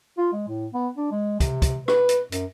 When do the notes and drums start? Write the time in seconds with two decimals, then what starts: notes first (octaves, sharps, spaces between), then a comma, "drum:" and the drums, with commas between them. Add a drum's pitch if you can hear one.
0.18 F4
0.33 G#3
0.48 A2
0.74 B3
0.97 D4
1.11 G#3
1.40 C3, drum: kick, hi-hat
1.62 drum: kick, hi-hat
1.88 B4, drum: rim click
2.09 drum: hi-hat
2.32 F#2, drum: hi-hat